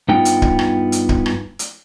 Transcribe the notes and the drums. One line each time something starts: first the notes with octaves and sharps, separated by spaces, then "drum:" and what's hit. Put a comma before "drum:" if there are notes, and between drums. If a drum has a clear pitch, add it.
G2 B3 D#4 F4 G5
drum: hi-hat
drum: kick D1
drum: rim click
drum: hi-hat
drum: kick D1
drum: rim click
drum: hi-hat